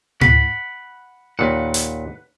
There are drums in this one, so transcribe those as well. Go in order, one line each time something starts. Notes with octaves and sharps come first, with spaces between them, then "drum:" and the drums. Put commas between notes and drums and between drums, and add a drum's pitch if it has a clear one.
F#5 B5, drum: tom A2
D#2 A#2 B4 F#5
drum: hi-hat